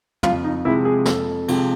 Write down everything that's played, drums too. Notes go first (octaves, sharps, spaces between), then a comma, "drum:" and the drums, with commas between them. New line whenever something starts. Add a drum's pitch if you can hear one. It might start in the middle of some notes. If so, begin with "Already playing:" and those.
F2 F4, drum: tom
D#4
C3 F3 G#3 E4
G#4
F2 A4, drum: snare
C3 F3 G#3, drum: cymbal